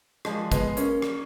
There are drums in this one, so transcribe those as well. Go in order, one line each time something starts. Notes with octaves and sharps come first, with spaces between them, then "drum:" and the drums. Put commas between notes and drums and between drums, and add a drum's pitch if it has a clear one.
F3 G#3, drum: rim click
G#3 B3, drum: kick, hi-hat
A#3 C#4, drum: hi-hat
drum: rim click